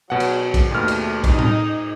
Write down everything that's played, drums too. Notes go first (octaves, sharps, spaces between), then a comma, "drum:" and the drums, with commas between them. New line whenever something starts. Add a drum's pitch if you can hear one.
B2 F#3 F#5
drum: cymbal
drum: kick, cymbal
D#2 B2 A3 F6
drum: cymbal
D#4, drum: kick, cymbal
drum: tom A2